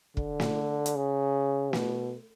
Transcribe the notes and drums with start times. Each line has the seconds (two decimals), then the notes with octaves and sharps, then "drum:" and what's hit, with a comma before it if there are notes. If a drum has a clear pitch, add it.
0.17 D3, drum: kick
0.40 drum: snare
0.86 drum: hi-hat
0.95 C#3
1.73 B2, drum: snare